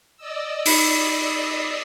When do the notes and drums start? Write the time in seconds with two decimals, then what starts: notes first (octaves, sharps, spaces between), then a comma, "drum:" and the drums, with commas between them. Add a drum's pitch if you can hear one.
0.16 D5 D#5 E6
0.66 D#4 B5 C#7, drum: open hi-hat